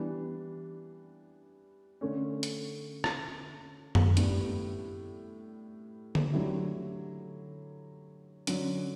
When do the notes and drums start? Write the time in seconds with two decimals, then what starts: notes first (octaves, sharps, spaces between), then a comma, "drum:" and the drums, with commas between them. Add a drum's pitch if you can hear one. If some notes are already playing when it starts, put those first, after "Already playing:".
Already playing: E3 G3 B3 D4
2.01 D3 A3 C#4
2.43 drum: hi-hat
3.04 drum: rim click
3.95 drum: tom F#2
4.17 A2 G3 B3 D4, drum: hi-hat
6.15 drum: tom D3
6.32 D3 F#3 A3 E4 G4
8.47 D3 F#3 C#4, drum: hi-hat